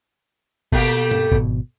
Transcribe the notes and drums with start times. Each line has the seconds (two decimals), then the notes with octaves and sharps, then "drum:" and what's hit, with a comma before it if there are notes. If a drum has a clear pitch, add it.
0.72 B2 A3 A#3 G4, drum: kick G1
1.11 drum: tom G2
1.32 G#1 B2, drum: kick G1